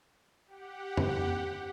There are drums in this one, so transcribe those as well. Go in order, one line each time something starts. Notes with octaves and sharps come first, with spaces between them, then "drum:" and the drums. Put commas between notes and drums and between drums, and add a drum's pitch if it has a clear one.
G4 F#5
drum: tom F2